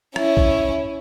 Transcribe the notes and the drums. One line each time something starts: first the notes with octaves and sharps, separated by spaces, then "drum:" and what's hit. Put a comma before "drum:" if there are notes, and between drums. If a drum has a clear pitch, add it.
C#4 E4, drum: rim click
drum: kick A#1